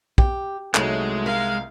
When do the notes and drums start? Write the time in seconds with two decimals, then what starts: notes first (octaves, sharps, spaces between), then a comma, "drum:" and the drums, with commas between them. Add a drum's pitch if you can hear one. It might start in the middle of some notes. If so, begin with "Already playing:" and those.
0.18 G4, drum: kick
0.75 C2 F#3 G#3 A3 D#4 G#4, drum: clap
1.26 A#4 F5